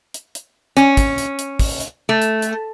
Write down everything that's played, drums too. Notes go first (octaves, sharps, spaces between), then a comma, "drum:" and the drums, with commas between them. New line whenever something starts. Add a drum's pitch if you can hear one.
drum: hi-hat
drum: hi-hat
C#4, drum: hi-hat
drum: kick, hi-hat
drum: hi-hat
drum: hi-hat
drum: kick, open hi-hat
drum: hi-hat
A3
drum: hi-hat
drum: hi-hat